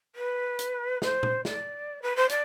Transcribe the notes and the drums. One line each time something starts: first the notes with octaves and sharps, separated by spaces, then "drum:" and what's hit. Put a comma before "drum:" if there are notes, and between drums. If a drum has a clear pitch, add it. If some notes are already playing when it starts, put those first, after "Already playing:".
B4
drum: hi-hat
C5, drum: snare
drum: tom A#2
D5, drum: snare
B4
C5
D5, drum: hi-hat